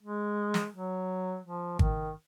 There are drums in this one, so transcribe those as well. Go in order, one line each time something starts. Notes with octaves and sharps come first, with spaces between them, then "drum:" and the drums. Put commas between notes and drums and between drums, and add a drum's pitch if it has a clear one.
G#3
drum: snare
F#3
F3
D#3, drum: kick G#1